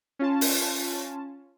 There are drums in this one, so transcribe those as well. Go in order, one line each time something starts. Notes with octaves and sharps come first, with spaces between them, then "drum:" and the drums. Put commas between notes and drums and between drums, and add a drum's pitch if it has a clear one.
C#4 F4 A5
drum: open hi-hat